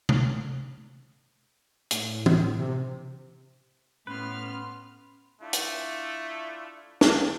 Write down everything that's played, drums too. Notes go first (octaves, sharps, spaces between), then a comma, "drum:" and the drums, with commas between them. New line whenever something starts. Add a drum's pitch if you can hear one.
drum: tom
A2, drum: hi-hat
drum: tom
C3
A2 B3 C#4 B4 C6 F6
A3 D4 E4 F4
drum: hi-hat
drum: snare